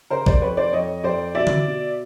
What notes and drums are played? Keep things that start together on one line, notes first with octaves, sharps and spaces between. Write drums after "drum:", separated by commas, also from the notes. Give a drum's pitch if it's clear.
C#3 A#4 C5
C5 D5, drum: kick A#1
F2 B4 C#5
C5 D5
F2 C#5 D#5
F2 C5 D5
B2 D5 E5
drum: tom D3
B2